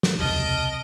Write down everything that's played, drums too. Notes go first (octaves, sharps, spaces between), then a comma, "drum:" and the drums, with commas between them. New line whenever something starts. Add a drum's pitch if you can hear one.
drum: snare
E1 C#2 C3 D#5 A5 F6 D7